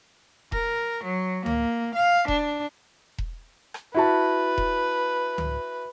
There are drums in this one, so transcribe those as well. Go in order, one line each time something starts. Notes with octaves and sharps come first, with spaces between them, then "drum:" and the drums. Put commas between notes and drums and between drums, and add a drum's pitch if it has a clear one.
A#4, drum: kick E1
F#3
A#3, drum: tom C#2
F5
D4, drum: kick E1
drum: kick E1
drum: rim click
E4 F#4 B4 A5
drum: kick E1
drum: tom C#2